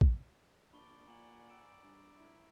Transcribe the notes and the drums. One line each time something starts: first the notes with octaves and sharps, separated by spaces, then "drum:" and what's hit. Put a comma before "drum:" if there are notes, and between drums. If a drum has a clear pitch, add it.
drum: kick
A#1 D4 D5 B5 C#6 G7
A#2 F#5 G#5 A#5 F#7
E6 D7 E7
G2 D7
E4